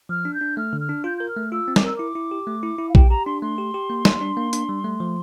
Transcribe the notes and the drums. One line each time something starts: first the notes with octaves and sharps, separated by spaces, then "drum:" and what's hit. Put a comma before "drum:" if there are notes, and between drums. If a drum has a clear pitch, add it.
F3 F6
D4
G6
D4
A3 F6
D3
F6
D4
F4 G6
A#4 G6
F6
A3
F4 E6
C4
D6, drum: snare
A#4 E6
E4 D6
E4
G4
A3
E4
E4
F5
G4 G5, drum: kick
G4 A#5
D4 C6
A3 C6
G4
G4
A#3
G3, drum: snare
D4
A#3
D4, drum: hi-hat
G3
A3
F3